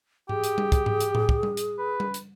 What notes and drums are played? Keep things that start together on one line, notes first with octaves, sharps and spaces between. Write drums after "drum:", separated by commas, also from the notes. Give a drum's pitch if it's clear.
G4 G#4, drum: tom G#2
drum: hi-hat
drum: tom G3
drum: kick, hi-hat
drum: tom G#2
drum: hi-hat
drum: tom A2
drum: kick
drum: tom G3
drum: hi-hat
B4
drum: tom G3
drum: hi-hat